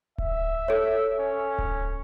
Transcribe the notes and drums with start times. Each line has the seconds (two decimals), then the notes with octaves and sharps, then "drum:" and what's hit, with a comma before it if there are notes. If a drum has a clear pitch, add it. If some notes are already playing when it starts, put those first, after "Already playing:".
0.18 E5, drum: kick D1
0.68 A4 C#5
1.20 C#4
1.58 drum: kick D1